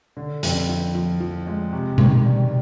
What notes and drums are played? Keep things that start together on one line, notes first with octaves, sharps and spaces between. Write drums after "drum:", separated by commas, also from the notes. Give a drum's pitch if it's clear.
D3
F2, drum: hi-hat
F3
F3
F3
G#3
C3
D#3, drum: tom B2
G3